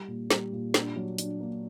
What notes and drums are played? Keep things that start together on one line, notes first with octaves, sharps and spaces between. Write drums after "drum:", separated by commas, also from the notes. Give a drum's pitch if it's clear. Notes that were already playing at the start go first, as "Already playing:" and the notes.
Already playing: G3
A#2
G3, drum: snare
A#2
D4, drum: snare
F#3
D4, drum: hi-hat
A#3